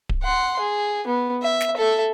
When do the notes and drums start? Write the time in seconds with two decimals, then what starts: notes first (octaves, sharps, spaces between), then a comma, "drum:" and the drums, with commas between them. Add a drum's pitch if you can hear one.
0.09 drum: kick D1
0.23 F#5 C6
0.59 G#4
1.07 B3
1.43 E5
1.61 drum: snare
1.77 A4 E5